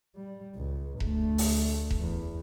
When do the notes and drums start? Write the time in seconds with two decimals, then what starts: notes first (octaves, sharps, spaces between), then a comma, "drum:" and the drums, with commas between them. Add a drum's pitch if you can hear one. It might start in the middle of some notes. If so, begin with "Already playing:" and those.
0.16 G3
0.56 C#2
1.00 D2 A3, drum: kick E1
1.38 drum: open hi-hat
1.90 drum: kick E1
2.00 E2